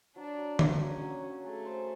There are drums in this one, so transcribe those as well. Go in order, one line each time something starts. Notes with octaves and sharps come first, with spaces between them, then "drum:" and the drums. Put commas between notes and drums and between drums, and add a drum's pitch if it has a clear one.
F#3 D4
F#3
A#3, drum: tom D3
F#3 C#4
F#3
F#3
A3 G#4
C5